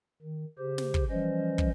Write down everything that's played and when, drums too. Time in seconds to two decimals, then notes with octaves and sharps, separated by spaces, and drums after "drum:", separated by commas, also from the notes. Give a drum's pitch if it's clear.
0.22 D#3
0.58 C#3 G4 C5
0.78 drum: snare
0.94 drum: kick
1.10 E3 F3 G3 C#4 C5 D#5
1.58 drum: kick